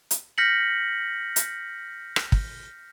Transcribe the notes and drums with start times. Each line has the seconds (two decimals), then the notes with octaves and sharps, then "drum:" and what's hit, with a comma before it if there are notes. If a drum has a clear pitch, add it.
0.11 drum: hi-hat
0.38 F6 G6 A#6 B6 C#7 F#7
1.36 drum: hi-hat
2.16 drum: rim click
2.32 drum: kick